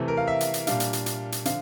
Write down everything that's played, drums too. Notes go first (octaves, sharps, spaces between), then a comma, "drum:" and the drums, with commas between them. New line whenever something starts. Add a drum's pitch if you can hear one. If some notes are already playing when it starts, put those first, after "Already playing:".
Already playing: C3 E3 A3
A#4
F5
E5
drum: hi-hat
drum: hi-hat
A#2 G3 D4 F5, drum: hi-hat
drum: hi-hat
drum: hi-hat
drum: hi-hat
drum: hi-hat
D3 F3 F5, drum: hi-hat